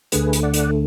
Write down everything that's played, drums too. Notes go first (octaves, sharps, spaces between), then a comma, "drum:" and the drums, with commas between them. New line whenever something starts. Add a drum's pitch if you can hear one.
D2 D3 A3 G#4 B4, drum: hi-hat
drum: hi-hat
D5 F#5
drum: hi-hat